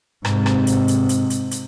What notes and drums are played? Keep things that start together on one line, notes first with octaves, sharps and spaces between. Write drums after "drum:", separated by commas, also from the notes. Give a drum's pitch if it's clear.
G#2 C3, drum: rim click
drum: rim click
drum: hi-hat
drum: hi-hat
drum: hi-hat
drum: hi-hat
drum: hi-hat